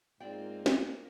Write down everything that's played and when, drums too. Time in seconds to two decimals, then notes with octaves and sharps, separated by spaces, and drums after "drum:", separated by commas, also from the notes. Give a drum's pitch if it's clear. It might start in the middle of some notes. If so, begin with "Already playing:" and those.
0.20 G#2 A#3 C4 F4 D5 G5
0.66 drum: snare